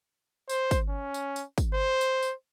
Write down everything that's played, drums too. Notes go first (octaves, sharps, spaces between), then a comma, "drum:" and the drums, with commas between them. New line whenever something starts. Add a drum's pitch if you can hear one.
C5, drum: tambourine
drum: kick, tambourine
C#4
drum: tambourine
drum: tambourine
drum: kick, tambourine
C5
drum: tambourine
drum: tambourine